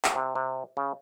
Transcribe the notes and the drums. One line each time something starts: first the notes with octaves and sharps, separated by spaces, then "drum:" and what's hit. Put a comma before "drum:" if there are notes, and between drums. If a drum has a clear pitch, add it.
drum: clap
C3
C3
C#3